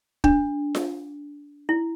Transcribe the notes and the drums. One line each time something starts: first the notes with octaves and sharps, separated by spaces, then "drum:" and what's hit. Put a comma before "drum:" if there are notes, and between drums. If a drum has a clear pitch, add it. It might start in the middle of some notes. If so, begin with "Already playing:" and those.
D4, drum: kick
drum: snare F4
E4